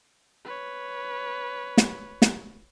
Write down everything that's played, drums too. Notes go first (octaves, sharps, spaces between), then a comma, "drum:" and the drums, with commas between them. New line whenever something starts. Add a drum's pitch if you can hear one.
B4 C#5
drum: snare
drum: snare